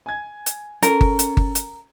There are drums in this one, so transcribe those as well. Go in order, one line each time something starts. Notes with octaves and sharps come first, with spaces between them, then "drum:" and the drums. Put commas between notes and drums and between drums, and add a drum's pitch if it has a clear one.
G#5 G#6
drum: hi-hat
C#4 A4 A#4, drum: hi-hat
drum: kick G1
drum: hi-hat
drum: kick G1
drum: hi-hat